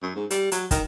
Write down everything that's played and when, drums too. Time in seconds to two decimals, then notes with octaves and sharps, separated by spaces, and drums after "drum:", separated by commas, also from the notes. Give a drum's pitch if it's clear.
0.02 F#2
0.15 G#2
0.30 G3, drum: hi-hat
0.52 F#3, drum: hi-hat
0.71 D#3, drum: kick, hi-hat